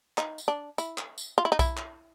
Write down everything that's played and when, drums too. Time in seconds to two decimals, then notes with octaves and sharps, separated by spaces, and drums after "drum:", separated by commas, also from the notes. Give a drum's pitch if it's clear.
0.18 D#4, drum: clap
0.38 drum: tambourine
0.48 D4
0.78 E4, drum: tambourine
0.98 drum: clap
1.18 drum: tambourine
1.38 F4
1.45 E4
1.52 D#4
1.59 E4, drum: kick B1, tambourine
1.77 drum: clap